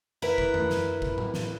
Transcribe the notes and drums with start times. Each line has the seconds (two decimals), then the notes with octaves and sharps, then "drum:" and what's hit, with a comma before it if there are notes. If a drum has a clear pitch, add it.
0.22 E4 A#4 B4
0.38 drum: kick G1
0.54 drum: tom F#2
0.70 drum: snare
1.02 drum: kick G1
1.18 drum: tom A2
1.34 drum: snare